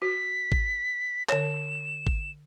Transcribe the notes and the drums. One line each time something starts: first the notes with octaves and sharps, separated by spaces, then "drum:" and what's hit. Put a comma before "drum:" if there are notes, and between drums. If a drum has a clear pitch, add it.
F#4 B6
drum: kick G#1
D3 C#5 E7, drum: clap
drum: kick G#1